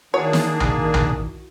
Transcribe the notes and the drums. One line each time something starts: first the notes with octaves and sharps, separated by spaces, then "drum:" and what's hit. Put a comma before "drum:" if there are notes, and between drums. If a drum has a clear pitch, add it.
D#3 A#3 D4 E4 F#4 G#4 C#5
drum: snare
drum: tom B1
drum: tom B1